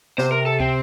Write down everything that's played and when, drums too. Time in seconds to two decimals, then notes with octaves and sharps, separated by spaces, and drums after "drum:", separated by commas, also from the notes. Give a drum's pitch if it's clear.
0.18 C3 C5, drum: snare
0.32 A#4
0.46 A4
0.60 C4, drum: kick